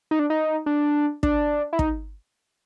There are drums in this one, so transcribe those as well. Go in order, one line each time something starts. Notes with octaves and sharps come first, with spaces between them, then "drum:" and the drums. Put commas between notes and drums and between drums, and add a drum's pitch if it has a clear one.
D#4
D4
D#4
D4
D4, drum: kick
E4
D#4, drum: kick